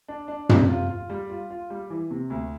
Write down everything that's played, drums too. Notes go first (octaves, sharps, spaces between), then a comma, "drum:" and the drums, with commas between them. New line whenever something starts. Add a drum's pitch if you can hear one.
D4
D4
C3, drum: tom
F4
F4
G3
F4
F4
G3
E3
C3
D2